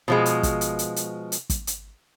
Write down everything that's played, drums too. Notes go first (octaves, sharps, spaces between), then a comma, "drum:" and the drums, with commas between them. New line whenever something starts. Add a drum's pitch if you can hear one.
B2 F3 G#3
drum: hi-hat
drum: kick, hi-hat
drum: hi-hat
drum: hi-hat
drum: hi-hat
drum: hi-hat
drum: kick, hi-hat
drum: hi-hat